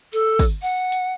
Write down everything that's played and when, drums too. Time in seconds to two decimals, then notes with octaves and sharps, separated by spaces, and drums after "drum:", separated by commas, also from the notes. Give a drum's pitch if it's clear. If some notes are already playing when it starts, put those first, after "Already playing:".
0.13 A4, drum: hi-hat
0.39 drum: kick, open hi-hat
0.62 F#5
0.92 drum: hi-hat